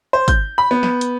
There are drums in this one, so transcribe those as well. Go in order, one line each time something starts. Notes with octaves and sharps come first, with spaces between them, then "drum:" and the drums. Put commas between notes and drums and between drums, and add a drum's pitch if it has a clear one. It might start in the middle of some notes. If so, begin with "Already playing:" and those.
C5
G6, drum: kick G#1, hi-hat
B5
B3
drum: snare
drum: hi-hat